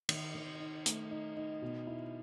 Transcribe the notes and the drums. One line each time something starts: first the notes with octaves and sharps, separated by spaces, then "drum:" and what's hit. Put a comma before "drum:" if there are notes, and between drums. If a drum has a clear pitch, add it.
D#3, drum: cymbal
D#3
D#4
A3, drum: hi-hat
D#4
D#4
B2
E4